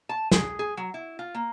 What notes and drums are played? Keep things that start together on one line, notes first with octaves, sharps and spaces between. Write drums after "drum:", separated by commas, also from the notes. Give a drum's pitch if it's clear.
A5
G#4, drum: snare
G#4
F#3
E4
F4
A#3